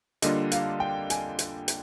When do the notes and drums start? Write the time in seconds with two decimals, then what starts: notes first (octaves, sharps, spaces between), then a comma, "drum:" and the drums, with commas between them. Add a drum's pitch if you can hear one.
0.22 D3 G3 A#3 D4 F4 D#5, drum: hi-hat
0.52 F5, drum: hi-hat
0.80 G5
1.10 G#5, drum: hi-hat
1.39 drum: hi-hat
1.68 drum: hi-hat